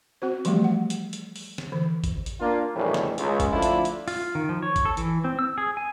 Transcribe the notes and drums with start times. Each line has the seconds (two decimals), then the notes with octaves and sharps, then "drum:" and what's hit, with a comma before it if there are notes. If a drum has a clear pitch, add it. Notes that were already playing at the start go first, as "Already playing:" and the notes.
0.22 C4 F#4 C5
0.45 E3 F3 G3 A3 B3 G4, drum: hi-hat
0.64 F#5
0.90 drum: hi-hat
1.13 drum: hi-hat
1.36 drum: open hi-hat
1.58 drum: snare
1.72 D3 E3 C5
2.04 drum: kick G#1, hi-hat
2.26 drum: hi-hat
2.41 A#3 D4 F4
2.75 A#1 E2 A2 D#3 F3 G3
2.94 drum: snare
3.18 C#2, drum: hi-hat
3.40 drum: kick G#1, hi-hat
3.52 D3 F3 A3 D4 E4 F4
3.62 drum: hi-hat
3.85 drum: hi-hat
4.08 F4, drum: open hi-hat
4.35 D#3
4.49 F3
4.62 C#5
4.76 drum: kick G#1, hi-hat
4.85 A4
4.97 E3, drum: hi-hat
5.24 C4
5.39 E6
5.58 G#4
5.77 G#5